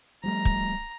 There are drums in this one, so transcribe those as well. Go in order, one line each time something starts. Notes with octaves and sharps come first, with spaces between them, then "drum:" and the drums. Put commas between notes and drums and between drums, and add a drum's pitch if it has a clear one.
F3 G3 A3 A#5
drum: kick